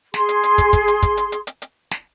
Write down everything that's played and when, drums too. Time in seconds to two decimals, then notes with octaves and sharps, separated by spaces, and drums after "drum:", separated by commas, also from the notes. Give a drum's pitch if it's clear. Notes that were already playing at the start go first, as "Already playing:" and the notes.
0.14 G#4 C6, drum: snare
0.29 drum: hi-hat
0.43 drum: hi-hat
0.58 drum: kick, hi-hat
0.73 drum: kick, hi-hat
0.88 drum: hi-hat
1.03 drum: kick, hi-hat
1.17 drum: hi-hat
1.32 drum: hi-hat
1.47 drum: hi-hat
1.62 drum: hi-hat
1.91 drum: snare